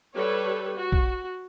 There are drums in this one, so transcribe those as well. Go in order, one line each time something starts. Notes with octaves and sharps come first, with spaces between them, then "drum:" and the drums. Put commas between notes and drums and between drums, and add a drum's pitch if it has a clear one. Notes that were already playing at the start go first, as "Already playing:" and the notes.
G3 A4 B4 C#5
F#4
drum: kick A#1